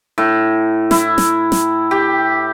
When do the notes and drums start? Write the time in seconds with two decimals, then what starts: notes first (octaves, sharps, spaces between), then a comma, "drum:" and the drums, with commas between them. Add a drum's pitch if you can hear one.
0.18 A2
0.91 E4, drum: snare
1.18 drum: snare
1.52 drum: snare
1.91 G4